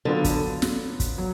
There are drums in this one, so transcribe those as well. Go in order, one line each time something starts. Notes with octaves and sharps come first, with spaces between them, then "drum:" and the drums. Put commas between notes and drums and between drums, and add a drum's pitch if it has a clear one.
D3 F#3 B3 F4
drum: kick, hi-hat
drum: snare
drum: kick, hi-hat
F#3